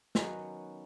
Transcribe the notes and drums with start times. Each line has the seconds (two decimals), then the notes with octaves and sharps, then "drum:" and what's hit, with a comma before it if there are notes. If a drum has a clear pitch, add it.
0.15 D#3 F#3 B3 C#4 F#4, drum: snare